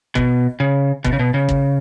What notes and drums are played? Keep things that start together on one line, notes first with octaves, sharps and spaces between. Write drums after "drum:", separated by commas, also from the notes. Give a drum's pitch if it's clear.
B2, drum: kick
C#3
B2, drum: kick
C#3
B2
C#3
drum: kick